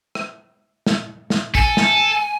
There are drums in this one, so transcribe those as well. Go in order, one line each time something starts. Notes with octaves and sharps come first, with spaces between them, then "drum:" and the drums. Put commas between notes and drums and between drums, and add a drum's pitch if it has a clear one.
drum: rim click
drum: snare
drum: snare
A4 G#5, drum: kick
drum: snare